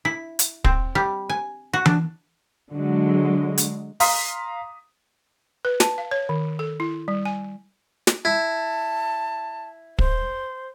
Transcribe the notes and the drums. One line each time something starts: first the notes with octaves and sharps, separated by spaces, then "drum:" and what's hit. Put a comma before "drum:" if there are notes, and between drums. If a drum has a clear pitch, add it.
E4
drum: hi-hat
C4, drum: kick
G3
G#5
F#4
D4, drum: tom E3
D3 F#3 G#3
drum: hi-hat
F5 A#5 C6 D#6 B6, drum: open hi-hat
B4
A5, drum: snare
F5
C#5
D#3
A4
E4
G3
G#5
drum: snare
E4 A5
C5, drum: kick